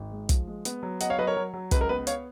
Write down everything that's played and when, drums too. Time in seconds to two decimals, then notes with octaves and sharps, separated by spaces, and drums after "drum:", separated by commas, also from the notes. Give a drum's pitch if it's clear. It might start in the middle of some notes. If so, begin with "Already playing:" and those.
Already playing: G#1
0.11 G#3
0.29 F3, drum: kick, hi-hat
0.47 G#3
0.65 B3, drum: hi-hat
0.83 F#3
1.01 B3 D#5 F#5, drum: hi-hat
1.10 C#5 F5
1.18 F#3 B4 D#5
1.27 A#4 C#5
1.37 F#3
1.54 F#3
1.71 C#2 B4, drum: kick, hi-hat
1.81 A#4
1.89 B3 B4
2.07 C#5 F5, drum: hi-hat